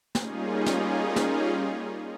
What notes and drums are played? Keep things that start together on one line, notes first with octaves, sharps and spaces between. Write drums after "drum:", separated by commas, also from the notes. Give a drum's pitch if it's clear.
G3 A#3 C#4 D#4 F4 G#4, drum: snare
drum: snare
drum: snare